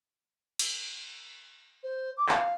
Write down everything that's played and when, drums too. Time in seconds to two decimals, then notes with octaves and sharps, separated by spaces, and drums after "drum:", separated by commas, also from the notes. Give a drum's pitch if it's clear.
0.59 drum: cymbal
1.83 C5
2.17 D6
2.29 F5, drum: clap